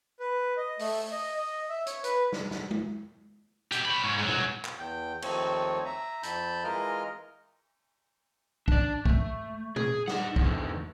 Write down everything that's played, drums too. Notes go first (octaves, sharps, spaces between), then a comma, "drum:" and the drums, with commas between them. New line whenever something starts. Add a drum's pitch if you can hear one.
B4
D#5
A3, drum: open hi-hat
D#5
D#5
E5
C#5, drum: hi-hat
B4, drum: hi-hat
drum: snare
drum: snare
drum: tom G#3
B2 G4, drum: hi-hat
C#5 B5
G#2
G#2 F#3
drum: tom
drum: clap
E2 G5
D#2 F3 A3 C4 C#5, drum: cymbal
E5 A#5
F2 A5 B5 G6, drum: hi-hat
E3 G#3 F4 A#4 D#5 F6
D4 D5, drum: kick
A3, drum: kick
G#4, drum: tom A#2
D#4 F#5, drum: snare
E2 D3, drum: kick